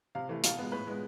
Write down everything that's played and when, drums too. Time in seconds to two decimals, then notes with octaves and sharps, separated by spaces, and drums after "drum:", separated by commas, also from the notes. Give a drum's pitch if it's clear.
0.15 C3 F5
0.29 E3 A3
0.44 B2 F5, drum: hi-hat
0.59 G#3 B3
0.72 A2 B4
0.87 G#3 B3